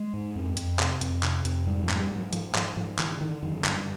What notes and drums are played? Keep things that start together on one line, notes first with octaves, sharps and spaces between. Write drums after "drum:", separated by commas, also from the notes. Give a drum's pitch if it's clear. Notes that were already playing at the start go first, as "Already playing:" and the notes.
Already playing: G#3
G#2
F2
F2, drum: hi-hat
C3, drum: clap
F2, drum: hi-hat
C3, drum: clap
F2, drum: hi-hat
G#2 G3
F3
G#2, drum: clap
G#3
G3
G#2 F#3
G#2 F3, drum: hi-hat
G#2 F3, drum: clap
G#2 F3
D3 E3, drum: clap
D3 D#3
F#2 D#3
G2 D3, drum: clap